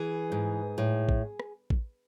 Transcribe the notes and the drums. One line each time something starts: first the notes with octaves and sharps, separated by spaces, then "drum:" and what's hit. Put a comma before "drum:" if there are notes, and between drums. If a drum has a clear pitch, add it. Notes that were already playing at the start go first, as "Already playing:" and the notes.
Already playing: E3 G#4
G#2
A2
drum: kick A1
drum: rim click
drum: kick A1